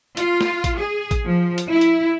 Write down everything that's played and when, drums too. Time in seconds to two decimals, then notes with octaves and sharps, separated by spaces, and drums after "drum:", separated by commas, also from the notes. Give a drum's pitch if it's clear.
0.17 F4, drum: hi-hat
0.41 drum: snare
0.64 drum: kick A1, hi-hat
0.79 G#4
1.11 drum: kick A1, hi-hat
1.26 F3
1.58 drum: hi-hat
1.69 E4
1.81 drum: hi-hat